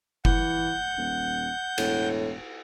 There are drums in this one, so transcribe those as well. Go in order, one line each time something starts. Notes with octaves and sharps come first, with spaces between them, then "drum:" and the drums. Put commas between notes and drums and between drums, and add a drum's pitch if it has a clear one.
E3 F#5 G6, drum: kick F#1
D#1
E1 A2, drum: cymbal